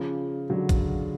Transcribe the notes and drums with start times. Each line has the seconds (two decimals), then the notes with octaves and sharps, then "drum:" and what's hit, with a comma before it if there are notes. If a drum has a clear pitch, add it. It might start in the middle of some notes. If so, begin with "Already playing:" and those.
Already playing: C#3 F3
0.50 D3 F#3
0.69 drum: kick A1, hi-hat